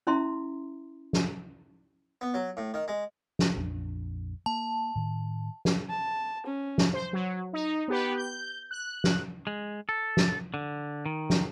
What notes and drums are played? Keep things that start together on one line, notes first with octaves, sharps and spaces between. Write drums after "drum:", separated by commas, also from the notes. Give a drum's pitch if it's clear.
C#4 E4 E5 A#5 C6
drum: snare
B3
F#3
A2
D#3
G#3
drum: snare
A#1 F2 D4
A#3 A5
A2 D#3
drum: snare
A5
C#4
drum: snare
C5
F#3
D#4
B3 G4 B4
G6
F#6
drum: snare
G#3
A4
drum: snare
D3
D#3
drum: snare